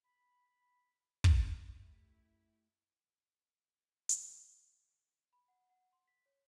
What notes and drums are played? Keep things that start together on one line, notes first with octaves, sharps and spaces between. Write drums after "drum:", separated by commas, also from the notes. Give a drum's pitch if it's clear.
B5
drum: kick
F#2 A3 E4 G4
drum: hi-hat
B5
F#5
F#5
C6
B6
C#5